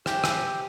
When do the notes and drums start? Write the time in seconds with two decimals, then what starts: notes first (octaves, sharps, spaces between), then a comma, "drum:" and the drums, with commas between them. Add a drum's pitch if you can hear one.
0.06 G4, drum: rim click
0.24 drum: rim click